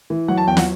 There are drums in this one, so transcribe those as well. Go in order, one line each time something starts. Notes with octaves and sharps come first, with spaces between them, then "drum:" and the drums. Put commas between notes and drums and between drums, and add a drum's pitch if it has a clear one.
E3
F#3 F#5
A5
E2 G5
F#5, drum: snare